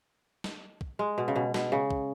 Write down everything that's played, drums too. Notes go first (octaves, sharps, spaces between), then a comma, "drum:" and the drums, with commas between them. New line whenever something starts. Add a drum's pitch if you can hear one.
drum: snare
drum: kick
G#3
B2
C#3
B2
B2, drum: snare
C#3
drum: kick